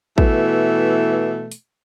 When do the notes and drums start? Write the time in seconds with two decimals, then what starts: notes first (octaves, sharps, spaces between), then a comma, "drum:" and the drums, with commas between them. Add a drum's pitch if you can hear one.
0.18 B2 E3 A3, drum: kick
1.52 drum: hi-hat